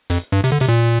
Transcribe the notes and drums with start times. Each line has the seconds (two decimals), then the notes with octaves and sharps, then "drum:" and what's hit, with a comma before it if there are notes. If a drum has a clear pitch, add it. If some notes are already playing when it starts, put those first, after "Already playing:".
0.10 F2, drum: hi-hat
0.32 G2
0.44 C3, drum: hi-hat
0.52 D3
0.60 C3, drum: hi-hat
0.68 A#2